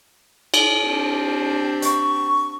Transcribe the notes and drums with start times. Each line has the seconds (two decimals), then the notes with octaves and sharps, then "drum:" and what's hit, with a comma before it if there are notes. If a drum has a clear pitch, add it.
0.54 drum: cymbal
0.83 C4 D4 G4
1.82 C#6, drum: hi-hat